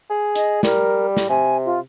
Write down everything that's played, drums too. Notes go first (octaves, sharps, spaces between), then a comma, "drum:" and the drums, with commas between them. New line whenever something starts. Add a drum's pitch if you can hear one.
G#4
D#5, drum: hi-hat
G3 A#4, drum: snare
drum: snare
C3 G#5
F4